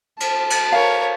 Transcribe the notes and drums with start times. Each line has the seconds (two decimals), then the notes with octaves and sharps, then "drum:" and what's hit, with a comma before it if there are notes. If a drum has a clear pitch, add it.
0.20 A5, drum: cymbal
0.50 drum: cymbal
0.73 A#4 C#5 F5